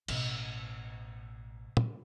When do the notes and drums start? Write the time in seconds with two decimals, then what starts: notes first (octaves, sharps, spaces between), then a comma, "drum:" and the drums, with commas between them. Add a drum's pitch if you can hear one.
0.08 A1 B2, drum: cymbal
1.77 drum: tom